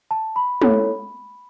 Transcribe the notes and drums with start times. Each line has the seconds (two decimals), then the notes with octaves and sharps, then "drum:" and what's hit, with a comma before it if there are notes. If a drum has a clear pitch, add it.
0.11 A5
0.36 B5
0.62 E4 A4 C#5, drum: tom